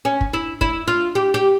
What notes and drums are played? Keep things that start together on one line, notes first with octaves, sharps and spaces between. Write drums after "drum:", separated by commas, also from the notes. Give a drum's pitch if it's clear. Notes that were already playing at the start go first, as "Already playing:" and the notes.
C#4
drum: kick
E4
E4, drum: kick
F4
G4
G4